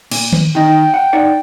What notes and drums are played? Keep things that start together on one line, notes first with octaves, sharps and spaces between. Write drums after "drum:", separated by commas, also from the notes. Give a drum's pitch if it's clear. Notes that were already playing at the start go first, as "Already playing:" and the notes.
A#2, drum: cymbal
drum: tom D#3
D#3 D#4 G5
F#5
D#4 D5 F#5